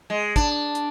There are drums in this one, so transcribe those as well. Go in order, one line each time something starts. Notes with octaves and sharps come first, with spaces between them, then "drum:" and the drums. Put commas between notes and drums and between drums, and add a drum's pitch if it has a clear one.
G#3
D4, drum: kick, hi-hat
drum: hi-hat